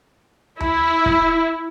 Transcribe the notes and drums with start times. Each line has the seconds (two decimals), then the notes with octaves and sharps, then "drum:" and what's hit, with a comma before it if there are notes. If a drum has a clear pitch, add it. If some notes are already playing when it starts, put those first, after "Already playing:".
0.60 E4, drum: tom D#2
1.06 drum: kick